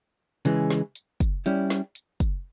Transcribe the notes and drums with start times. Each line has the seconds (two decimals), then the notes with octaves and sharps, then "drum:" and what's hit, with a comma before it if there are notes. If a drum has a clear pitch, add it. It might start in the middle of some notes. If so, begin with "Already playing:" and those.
0.45 C#3 E3 G#3, drum: hi-hat
0.71 drum: snare
0.95 drum: hi-hat
1.20 drum: kick, hi-hat
1.46 G3 C#4 E4, drum: hi-hat
1.70 drum: snare
1.95 drum: hi-hat
2.20 drum: kick, hi-hat